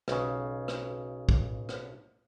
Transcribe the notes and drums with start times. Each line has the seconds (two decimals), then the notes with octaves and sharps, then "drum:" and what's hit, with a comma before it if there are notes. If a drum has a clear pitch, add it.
0.08 B1 C#3, drum: rim click
0.68 drum: rim click
1.29 drum: kick
1.69 drum: rim click